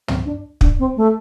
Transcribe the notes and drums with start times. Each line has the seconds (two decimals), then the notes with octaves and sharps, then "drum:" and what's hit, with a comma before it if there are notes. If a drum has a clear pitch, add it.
0.08 C4, drum: tom
0.25 D4
0.61 D4, drum: kick
0.79 C4
0.97 A3